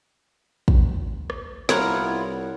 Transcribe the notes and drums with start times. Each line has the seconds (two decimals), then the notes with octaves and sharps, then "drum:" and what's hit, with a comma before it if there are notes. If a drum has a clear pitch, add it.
0.68 drum: kick
1.30 drum: rim click
1.69 C2 B3 E4 F4 A#4 C#5 F#5, drum: snare